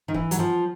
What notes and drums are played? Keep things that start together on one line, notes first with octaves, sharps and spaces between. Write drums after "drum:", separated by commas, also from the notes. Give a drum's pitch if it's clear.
D#3
E3, drum: kick
F#3, drum: hi-hat
F3